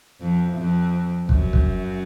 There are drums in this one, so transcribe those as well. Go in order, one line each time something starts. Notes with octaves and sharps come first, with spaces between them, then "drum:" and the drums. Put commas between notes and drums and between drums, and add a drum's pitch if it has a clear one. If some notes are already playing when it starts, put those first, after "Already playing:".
F2
F2
F#2, drum: kick
drum: kick